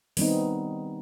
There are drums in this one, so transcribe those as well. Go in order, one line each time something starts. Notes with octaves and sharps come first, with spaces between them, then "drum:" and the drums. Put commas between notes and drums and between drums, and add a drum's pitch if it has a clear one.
D#3 G3 B3 C4 D#4, drum: open hi-hat